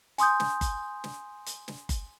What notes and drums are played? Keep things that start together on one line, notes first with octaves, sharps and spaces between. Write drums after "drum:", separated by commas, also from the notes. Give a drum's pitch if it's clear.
G#5 C6 D#6 G6, drum: hi-hat
drum: snare
drum: kick F#1, hi-hat
drum: snare
drum: hi-hat
drum: snare
drum: kick F#1, hi-hat